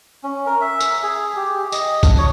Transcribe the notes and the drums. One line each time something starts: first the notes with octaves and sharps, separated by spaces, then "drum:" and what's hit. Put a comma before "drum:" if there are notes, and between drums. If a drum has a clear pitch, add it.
C#4
A#4
E5
drum: tambourine
G#4
G4
D#5, drum: tambourine
D4, drum: kick, tambourine
C#5